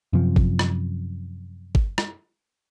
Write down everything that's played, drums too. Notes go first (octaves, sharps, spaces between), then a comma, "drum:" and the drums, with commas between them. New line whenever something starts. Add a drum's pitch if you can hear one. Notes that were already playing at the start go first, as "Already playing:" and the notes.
F#2 C3 F3
drum: kick G1
drum: rim click
drum: kick G1
drum: rim click